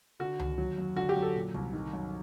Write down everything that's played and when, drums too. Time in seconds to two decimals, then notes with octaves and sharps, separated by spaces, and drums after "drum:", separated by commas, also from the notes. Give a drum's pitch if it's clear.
0.20 D3 F#4
0.40 D#2, drum: tom C#2
0.58 F#3
0.78 F#2
0.96 D3 F#4
1.09 G4
1.17 F#2
1.22 A4
1.35 A#2
1.54 C2, drum: kick
1.73 D#3
1.93 F#2